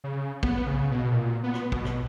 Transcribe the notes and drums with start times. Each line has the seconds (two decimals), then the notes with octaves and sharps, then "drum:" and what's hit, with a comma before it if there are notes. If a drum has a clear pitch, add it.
0.04 C#3
0.43 B3, drum: kick
0.67 C#3
0.91 B2
1.11 A#2
1.43 B3
1.54 drum: rim click
1.72 B2, drum: kick
1.85 drum: rim click